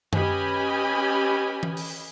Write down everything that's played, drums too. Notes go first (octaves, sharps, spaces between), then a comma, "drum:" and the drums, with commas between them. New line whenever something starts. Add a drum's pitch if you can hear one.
C#4 G4 B4 D#5 G#5 B5, drum: tom F#2
drum: tom E3
drum: open hi-hat